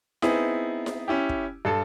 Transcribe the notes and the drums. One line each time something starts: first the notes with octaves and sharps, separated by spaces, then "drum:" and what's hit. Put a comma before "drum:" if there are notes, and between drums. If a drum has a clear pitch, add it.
B3 C4 D#4 E4 G#4, drum: snare E4
drum: snare E4
C#4 E4 G4
drum: kick
G2 A4 A5